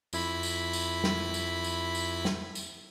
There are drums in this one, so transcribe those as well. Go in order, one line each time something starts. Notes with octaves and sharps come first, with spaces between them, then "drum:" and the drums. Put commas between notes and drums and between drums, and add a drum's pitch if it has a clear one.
F2 E4 B5, drum: tambourine
drum: tambourine
drum: tambourine
drum: snare
drum: tambourine
drum: tambourine
drum: tambourine
drum: snare
drum: tambourine